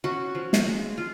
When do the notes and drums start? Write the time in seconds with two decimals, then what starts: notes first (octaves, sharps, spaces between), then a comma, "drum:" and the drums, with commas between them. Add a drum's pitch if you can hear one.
0.04 C#4 F#4
0.35 F3
0.53 drum: snare
0.67 G#3
0.98 F4